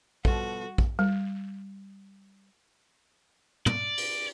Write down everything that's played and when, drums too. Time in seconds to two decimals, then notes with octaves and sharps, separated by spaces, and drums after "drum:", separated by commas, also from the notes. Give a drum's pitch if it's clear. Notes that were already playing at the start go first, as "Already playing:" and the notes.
0.25 B2 F3 G3 B3 F#4 A4, drum: kick A#1
0.78 drum: kick A#1
0.99 G3
3.66 D5, drum: tom
3.97 drum: cymbal